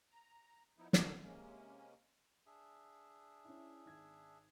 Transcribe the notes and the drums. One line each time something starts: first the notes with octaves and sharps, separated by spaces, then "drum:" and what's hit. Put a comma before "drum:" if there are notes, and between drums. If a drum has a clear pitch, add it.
A#5
F3 B3 D#4 E4
A4 A#4 C#5, drum: snare
C3 G#3 A#3 C#4
D4 G#4 E5
C#4 E4
G#1 G#6